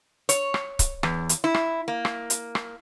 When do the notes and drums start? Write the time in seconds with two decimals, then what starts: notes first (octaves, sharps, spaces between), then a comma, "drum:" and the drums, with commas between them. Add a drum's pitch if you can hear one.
0.29 C#5, drum: hi-hat
0.54 drum: rim click
0.79 drum: kick C#1, hi-hat
1.03 E2, drum: rim click
1.29 drum: hi-hat
1.44 E4
1.54 drum: rim click
1.88 A#3
2.05 drum: rim click
2.30 drum: hi-hat
2.55 drum: rim click